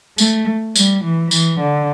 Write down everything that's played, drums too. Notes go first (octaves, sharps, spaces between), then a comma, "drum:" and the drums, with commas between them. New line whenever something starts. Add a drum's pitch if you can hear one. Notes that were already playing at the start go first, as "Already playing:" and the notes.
A3, drum: tambourine
G3, drum: tambourine
E3
E3, drum: tambourine
D3